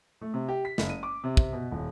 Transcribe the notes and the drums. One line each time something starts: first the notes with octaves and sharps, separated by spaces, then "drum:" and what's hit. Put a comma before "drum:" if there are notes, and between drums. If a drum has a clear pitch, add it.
A3
C3
G4
B6
F#1, drum: snare
D#7
D6
C3
C3, drum: kick
B2
D#1